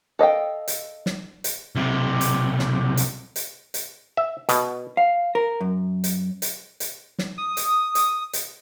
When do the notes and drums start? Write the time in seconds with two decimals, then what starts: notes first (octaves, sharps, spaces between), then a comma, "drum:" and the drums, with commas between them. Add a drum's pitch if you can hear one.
0.19 A4 D#5 F5 G5
0.68 drum: hi-hat
1.06 drum: snare
1.44 drum: hi-hat
1.75 B1 C3
2.21 drum: hi-hat
2.59 drum: snare
2.97 drum: hi-hat
3.36 drum: hi-hat
3.74 drum: hi-hat
4.17 E5
4.49 B2, drum: hi-hat
4.97 F5
5.35 A#4
5.61 F#2
6.04 drum: hi-hat
6.42 drum: hi-hat
6.80 drum: hi-hat
7.19 drum: snare
7.38 D#6
7.57 drum: hi-hat
7.95 drum: hi-hat
8.33 drum: hi-hat